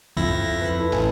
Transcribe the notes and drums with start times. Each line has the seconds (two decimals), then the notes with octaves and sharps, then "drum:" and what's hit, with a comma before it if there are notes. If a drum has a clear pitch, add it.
0.17 F2 E4 C#6 A#6, drum: kick C#2
0.61 B4
0.79 A3 E4
0.92 A1 G#5 B5 C6, drum: cymbal